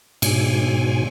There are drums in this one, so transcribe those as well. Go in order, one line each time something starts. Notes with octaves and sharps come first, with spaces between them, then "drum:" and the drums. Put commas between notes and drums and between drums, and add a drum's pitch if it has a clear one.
G#2 B2 G#5, drum: cymbal